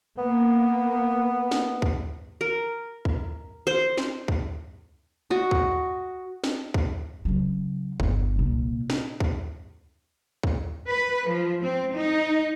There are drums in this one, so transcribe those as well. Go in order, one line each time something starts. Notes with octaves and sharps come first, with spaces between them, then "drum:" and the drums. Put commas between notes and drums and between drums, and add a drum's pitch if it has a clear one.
A#3 B3
drum: snare
drum: kick
A#4
drum: kick
C5
drum: snare
drum: kick
F#4 D#5
drum: kick
drum: snare
drum: kick
C#3 F#3
G1, drum: kick
C2 A#2
drum: snare
drum: kick
drum: kick
B4
F3
C4
D#4